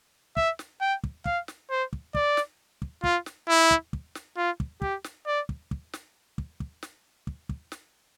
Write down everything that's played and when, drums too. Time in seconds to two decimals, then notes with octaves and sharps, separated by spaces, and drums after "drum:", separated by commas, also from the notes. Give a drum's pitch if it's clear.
0.37 E5, drum: kick
0.59 drum: snare
0.81 G5
1.04 drum: kick
1.25 F5, drum: kick
1.48 drum: snare
1.70 C5
1.93 drum: kick
2.14 D5, drum: kick
2.37 drum: snare
2.82 drum: kick
3.04 F4, drum: kick
3.26 drum: snare
3.49 E4
3.71 drum: kick
3.93 drum: kick
4.15 drum: snare
4.37 F4
4.60 drum: kick
4.82 G4, drum: kick
5.04 drum: snare
5.27 D5
5.49 drum: kick
5.71 drum: kick
5.93 drum: snare
6.38 drum: kick
6.60 drum: kick
6.83 drum: snare
7.27 drum: kick
7.49 drum: kick
7.72 drum: snare